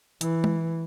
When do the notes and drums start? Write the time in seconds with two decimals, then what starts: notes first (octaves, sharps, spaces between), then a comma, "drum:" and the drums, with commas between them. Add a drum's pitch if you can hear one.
0.21 E3, drum: hi-hat
0.44 drum: tom